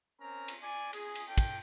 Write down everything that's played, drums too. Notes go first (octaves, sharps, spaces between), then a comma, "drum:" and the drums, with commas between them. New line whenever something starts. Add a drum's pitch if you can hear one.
C4 C#4 A#4 A#5
drum: cymbal
D5 G#5
G#4, drum: cymbal
drum: cymbal
D4 A4 G5
drum: kick, cymbal